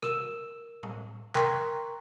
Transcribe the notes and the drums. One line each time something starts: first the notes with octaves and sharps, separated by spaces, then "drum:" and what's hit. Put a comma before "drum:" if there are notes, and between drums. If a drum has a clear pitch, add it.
A#4 E6 E7, drum: rim click
drum: tom A2
A#4 G5 A#5 C6 C#6, drum: clap